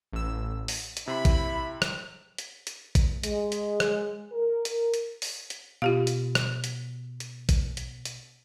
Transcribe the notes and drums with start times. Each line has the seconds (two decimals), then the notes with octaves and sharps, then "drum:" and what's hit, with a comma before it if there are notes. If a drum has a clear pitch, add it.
0.13 A1 E6
0.68 drum: open hi-hat
0.97 drum: hi-hat
1.07 C3 E4 B5
1.25 drum: kick, hi-hat
1.82 drum: rim click
2.38 drum: hi-hat
2.67 drum: hi-hat
2.95 drum: kick, hi-hat
3.23 G#3, drum: hi-hat
3.52 drum: hi-hat
3.80 drum: rim click
4.32 A#4
4.65 drum: hi-hat
4.94 drum: hi-hat
5.22 drum: open hi-hat
5.50 drum: hi-hat
5.82 B2 F4 G4 F5
6.07 drum: hi-hat
6.35 drum: rim click
6.64 drum: hi-hat
7.20 drum: hi-hat
7.49 drum: kick, hi-hat
7.77 drum: hi-hat
8.05 drum: hi-hat